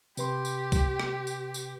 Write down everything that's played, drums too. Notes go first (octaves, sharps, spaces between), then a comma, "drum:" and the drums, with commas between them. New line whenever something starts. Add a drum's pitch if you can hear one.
C3 G4 B4 C6, drum: tambourine
drum: tambourine
drum: kick, tambourine
drum: rim click
drum: tambourine
drum: tambourine